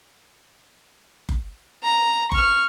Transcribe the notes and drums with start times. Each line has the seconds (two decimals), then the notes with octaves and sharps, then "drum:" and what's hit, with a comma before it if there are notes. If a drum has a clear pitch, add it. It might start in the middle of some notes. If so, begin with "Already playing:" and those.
1.29 drum: kick F#1
1.83 A#5
2.32 C#6 F6, drum: kick F#1